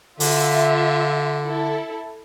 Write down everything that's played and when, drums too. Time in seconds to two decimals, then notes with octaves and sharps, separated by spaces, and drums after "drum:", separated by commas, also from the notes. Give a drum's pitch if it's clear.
0.20 D3 F4 E5, drum: open hi-hat
1.46 E4 A4